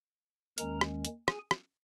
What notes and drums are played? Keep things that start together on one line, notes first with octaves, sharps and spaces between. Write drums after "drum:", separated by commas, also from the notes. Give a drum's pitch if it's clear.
D#2 D#3 G#3 C#4 A#4 A#5, drum: hi-hat
drum: rim click
drum: hi-hat
G#4 G#5, drum: rim click
drum: rim click